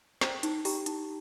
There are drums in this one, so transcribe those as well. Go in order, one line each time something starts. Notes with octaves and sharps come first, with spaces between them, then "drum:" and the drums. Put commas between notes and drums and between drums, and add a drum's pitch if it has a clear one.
C5 G5 A#5, drum: snare
D#4, drum: hi-hat
G4 G5 A#5, drum: open hi-hat
D#4, drum: hi-hat